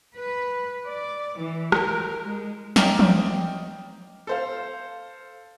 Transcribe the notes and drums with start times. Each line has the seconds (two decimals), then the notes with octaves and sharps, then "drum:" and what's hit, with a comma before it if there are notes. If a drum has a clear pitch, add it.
0.16 B4
0.85 D5
1.38 E3
1.72 A#4, drum: rim click
2.23 G#3
2.76 D#5 G5 A#5 D6 F6, drum: snare
2.99 drum: tom
4.27 A4 C5 F5